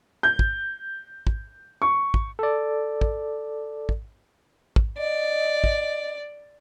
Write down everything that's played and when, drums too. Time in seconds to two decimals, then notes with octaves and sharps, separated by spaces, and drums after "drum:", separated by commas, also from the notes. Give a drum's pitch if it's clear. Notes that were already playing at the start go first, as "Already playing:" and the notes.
0.23 G6
0.39 drum: kick
1.27 drum: kick
1.82 C#6
2.14 drum: kick
2.39 A4 D5
3.01 drum: kick
3.89 drum: kick
4.76 drum: kick
4.98 D5 D#5
5.64 drum: kick